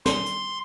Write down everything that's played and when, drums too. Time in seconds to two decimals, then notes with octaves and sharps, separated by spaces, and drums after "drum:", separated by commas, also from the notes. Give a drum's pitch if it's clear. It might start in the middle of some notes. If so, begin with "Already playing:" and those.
0.06 C6, drum: snare
0.26 drum: hi-hat